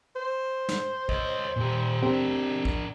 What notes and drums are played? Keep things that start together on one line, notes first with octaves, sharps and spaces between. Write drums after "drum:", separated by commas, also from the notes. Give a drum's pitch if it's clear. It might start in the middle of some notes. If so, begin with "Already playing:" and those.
C5
drum: snare
C#5 D#5, drum: kick
A#2 G4
C4 D4 G4 A#4
drum: kick